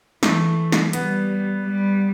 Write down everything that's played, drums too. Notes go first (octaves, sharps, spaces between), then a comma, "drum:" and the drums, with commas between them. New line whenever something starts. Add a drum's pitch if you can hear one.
E3 A3, drum: snare
drum: snare
G3 B3, drum: hi-hat
G3